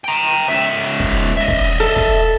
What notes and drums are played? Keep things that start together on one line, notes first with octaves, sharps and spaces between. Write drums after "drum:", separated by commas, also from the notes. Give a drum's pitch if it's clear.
G5 A#5
C#2 E5
drum: hi-hat
drum: kick
drum: hi-hat
D#5 E5
drum: kick
drum: hi-hat
A4, drum: hi-hat
drum: kick, hi-hat